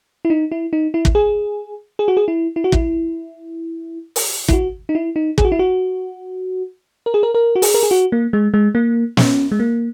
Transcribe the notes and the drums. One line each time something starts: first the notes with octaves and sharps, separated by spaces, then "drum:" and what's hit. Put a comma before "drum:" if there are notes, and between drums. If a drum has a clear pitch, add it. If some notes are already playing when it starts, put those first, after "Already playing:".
E4
D#4
E4
D#4
E4
drum: kick
G#4
G#4
F#4
G#4
E4
E4
F#4
E4, drum: kick
drum: open hi-hat
E4, drum: kick
F#4
D#4
E4
D#4
G#4, drum: kick
F#4
E4
F#4
A#4
G#4
A#4
A#4
F#4
G#4, drum: open hi-hat
A#4
G#4
F#4
A#3
G#3
G#3
A#3
C#4, drum: snare
G#3
A#3